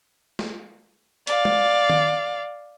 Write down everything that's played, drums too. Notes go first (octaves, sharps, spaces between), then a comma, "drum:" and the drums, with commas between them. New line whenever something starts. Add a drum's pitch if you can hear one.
drum: snare
D5 F5, drum: hi-hat
drum: tom G#3
drum: tom D#3